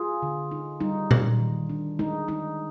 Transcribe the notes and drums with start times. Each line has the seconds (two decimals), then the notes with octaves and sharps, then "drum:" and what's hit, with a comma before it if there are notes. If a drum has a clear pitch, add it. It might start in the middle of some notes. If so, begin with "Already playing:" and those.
Already playing: F4 G#4
0.22 D3
0.51 D#4
0.80 G3 D#4
1.11 D#4, drum: tom A#2
1.40 D#3
1.69 D4
1.99 G#3 D#4
2.28 G#3 D#4